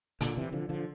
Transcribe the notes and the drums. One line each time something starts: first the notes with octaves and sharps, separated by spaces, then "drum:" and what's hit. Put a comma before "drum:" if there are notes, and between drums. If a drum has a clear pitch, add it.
A#2 D3, drum: hi-hat
C3 E3
D3 F3
D3 F3